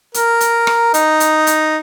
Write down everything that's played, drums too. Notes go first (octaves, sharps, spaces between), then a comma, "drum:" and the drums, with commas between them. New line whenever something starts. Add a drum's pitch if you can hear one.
A#4, drum: hi-hat
drum: hi-hat
drum: rim click
D#4, drum: hi-hat
drum: hi-hat
drum: hi-hat